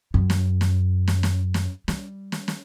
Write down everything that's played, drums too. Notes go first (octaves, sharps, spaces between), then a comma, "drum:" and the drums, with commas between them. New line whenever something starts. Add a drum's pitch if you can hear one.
F#2
drum: snare
drum: snare
drum: snare
drum: snare
drum: snare
G3, drum: snare
drum: snare
drum: snare